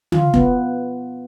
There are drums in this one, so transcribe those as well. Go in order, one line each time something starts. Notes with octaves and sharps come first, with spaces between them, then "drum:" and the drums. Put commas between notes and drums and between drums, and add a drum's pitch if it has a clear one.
F4, drum: tom C#3
B3, drum: kick F1